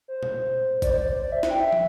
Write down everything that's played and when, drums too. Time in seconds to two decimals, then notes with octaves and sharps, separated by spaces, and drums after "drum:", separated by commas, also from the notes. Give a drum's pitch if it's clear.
0.08 C5
0.23 drum: tom A#2
0.82 D5, drum: kick G#1, hi-hat
0.90 C5
0.98 D5
1.12 C5
1.22 D5
1.32 E5
1.43 E5, drum: snare
1.50 G5
1.60 E5
1.73 drum: tom